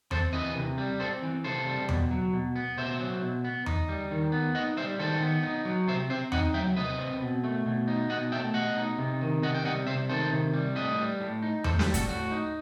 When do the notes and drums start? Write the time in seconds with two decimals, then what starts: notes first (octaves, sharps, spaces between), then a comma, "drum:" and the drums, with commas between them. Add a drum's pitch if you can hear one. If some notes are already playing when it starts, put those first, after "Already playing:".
0.11 C4 A4 C5, drum: tom E2
0.33 E3 B4 D#5
0.55 C3
0.78 G3
1.00 C4 A4 C5
1.22 E3
1.44 C3 A4 C5
1.66 G3
1.89 B2, drum: tom E2
2.11 F#3
2.33 B2
2.56 B3
2.78 B2 C5 E5
3.00 F#3
3.22 B2
3.44 B3
3.66 D#4, drum: tom E2
3.89 G3
4.11 D#3
4.32 B3
4.55 D#4 D#5 F#5
4.77 G3 C5 E5
4.99 D#3 A4 C5
5.22 B3
5.43 D#4
5.65 F#3
5.88 C3 C5 E5
6.10 C4 C5 E5
6.32 D#4 D#5 F#5, drum: tom E2
6.54 F#3 E5 G5
6.77 C3 B4 D#5
6.99 C4
7.21 B2
7.44 A3
7.66 B2
7.88 D#4
8.10 B2 D#5 F#5
8.32 A3 E5 G5
8.54 B2 D#5 F#5
8.76 D#4
8.98 C3
9.21 D#3
9.43 C3 D#5 F#5
9.55 G5
9.64 G3 D#5 F#5
9.87 C3 C5 E5
10.09 D#3 A4 C5
10.31 C3
10.54 G3
10.75 A2 B4 D#5
10.98 G3
11.21 A2
11.42 D#4
11.64 A2 A4 C5, drum: tom E2
11.79 G4 B4, drum: snare
11.87 G3
11.94 F#4 A4, drum: kick, hi-hat
12.09 A2 F#4
12.32 D#4